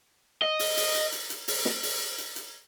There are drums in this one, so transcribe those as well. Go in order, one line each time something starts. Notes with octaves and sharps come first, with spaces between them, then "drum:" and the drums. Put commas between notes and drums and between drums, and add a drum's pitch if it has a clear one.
D#5
drum: open hi-hat
drum: open hi-hat
drum: hi-hat
drum: hi-hat
drum: hi-hat
drum: open hi-hat
drum: snare
drum: open hi-hat
drum: hi-hat
drum: hi-hat